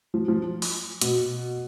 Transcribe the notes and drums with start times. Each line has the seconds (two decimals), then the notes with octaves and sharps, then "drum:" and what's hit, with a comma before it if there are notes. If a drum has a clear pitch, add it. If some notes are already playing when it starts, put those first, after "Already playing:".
0.14 F3
0.28 F3
0.62 drum: open hi-hat
1.01 B2, drum: hi-hat